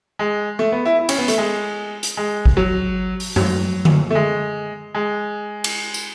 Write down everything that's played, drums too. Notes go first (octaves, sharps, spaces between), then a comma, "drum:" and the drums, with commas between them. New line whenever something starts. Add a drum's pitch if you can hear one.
G#3
A3
B3
E4
E4
C#4, drum: cymbal
B3
A3, drum: hi-hat
G#3
drum: hi-hat
G#3
drum: kick G#1
F#3
drum: open hi-hat
F#3, drum: tom F#2
drum: tom D3
A3
G#3
G#3
drum: cymbal
drum: tambourine